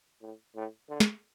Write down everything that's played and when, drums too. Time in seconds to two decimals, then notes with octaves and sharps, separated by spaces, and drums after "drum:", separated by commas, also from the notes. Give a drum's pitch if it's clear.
0.22 A2
0.56 A2
0.89 D3
1.00 drum: snare